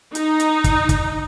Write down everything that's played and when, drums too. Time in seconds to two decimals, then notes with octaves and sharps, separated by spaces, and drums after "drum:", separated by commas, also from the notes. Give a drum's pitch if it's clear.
0.15 D#4, drum: hi-hat
0.40 drum: hi-hat
0.64 drum: kick, hi-hat
0.89 drum: kick, hi-hat